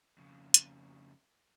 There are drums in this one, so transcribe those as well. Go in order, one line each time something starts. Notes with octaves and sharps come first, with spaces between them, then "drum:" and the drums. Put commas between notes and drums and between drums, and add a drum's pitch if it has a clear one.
F2 C#3
drum: hi-hat